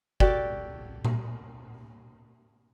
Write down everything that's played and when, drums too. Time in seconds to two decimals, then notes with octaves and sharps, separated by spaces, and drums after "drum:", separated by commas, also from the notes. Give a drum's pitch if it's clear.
0.20 F#4 G4 A4 D5, drum: kick
1.05 drum: tom A#2